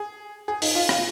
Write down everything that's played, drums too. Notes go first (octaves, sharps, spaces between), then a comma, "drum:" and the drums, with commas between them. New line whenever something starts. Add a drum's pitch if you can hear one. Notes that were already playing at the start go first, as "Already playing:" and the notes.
Already playing: G#4
G#4
D#4, drum: open hi-hat
F4
F4, drum: rim click